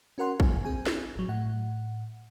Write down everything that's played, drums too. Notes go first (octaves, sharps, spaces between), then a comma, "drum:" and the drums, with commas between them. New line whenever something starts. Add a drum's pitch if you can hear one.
C#4 F#4 A#4 F#5 C6
G1 G#5, drum: kick
C4 G#4 G#5
drum: snare
A1 F#3
A2 F#5